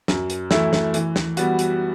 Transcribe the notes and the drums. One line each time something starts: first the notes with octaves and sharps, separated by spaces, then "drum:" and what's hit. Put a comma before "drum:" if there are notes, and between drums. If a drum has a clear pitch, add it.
F#2, drum: snare
drum: hi-hat
E3 A3 E4, drum: snare
drum: snare
E3, drum: hi-hat
drum: snare
G3 B3 F#4, drum: hi-hat
drum: hi-hat